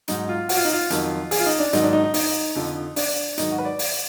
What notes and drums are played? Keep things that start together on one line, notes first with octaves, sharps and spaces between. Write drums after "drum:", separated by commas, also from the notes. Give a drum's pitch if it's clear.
G#2 F#3 D#4, drum: hi-hat
F4
F#4, drum: open hi-hat
F4
D#4
F4
F2 D#3 F#3, drum: hi-hat
G#4, drum: open hi-hat
F4
D#4
D4
G#2 D#3 F#3 D#4, drum: hi-hat
D4
D#4
D#4
D#4, drum: open hi-hat
F2 D3 F3
D4, drum: open hi-hat
G#2 D#3 F#3 D#4, drum: hi-hat
F#4
B4
D5
drum: open hi-hat